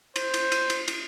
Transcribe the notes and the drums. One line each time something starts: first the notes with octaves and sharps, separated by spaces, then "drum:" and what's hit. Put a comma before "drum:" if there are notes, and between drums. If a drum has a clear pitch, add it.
C5, drum: cymbal
drum: cymbal
drum: cymbal
drum: cymbal
drum: cymbal